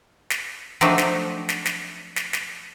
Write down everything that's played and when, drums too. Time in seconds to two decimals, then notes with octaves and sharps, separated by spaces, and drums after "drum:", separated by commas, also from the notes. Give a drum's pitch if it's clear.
0.30 drum: snare
0.81 F3 F#3 A3 C4 D4 D#4, drum: snare
0.98 drum: snare
1.49 drum: snare
1.65 drum: snare
2.16 drum: snare
2.33 drum: snare